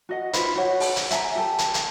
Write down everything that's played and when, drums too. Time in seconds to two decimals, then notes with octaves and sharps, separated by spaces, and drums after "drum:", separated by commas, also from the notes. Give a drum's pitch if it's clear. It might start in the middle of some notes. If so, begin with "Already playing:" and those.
0.09 F#4 D#5 F#5
0.33 D#4 F4 B4 C5, drum: hi-hat
0.56 F#4 C5 C#5 F#5
0.80 drum: open hi-hat
0.96 drum: hi-hat
1.11 E5 G#5 A#5, drum: hi-hat
1.36 G4 A4
1.58 drum: hi-hat
1.74 drum: hi-hat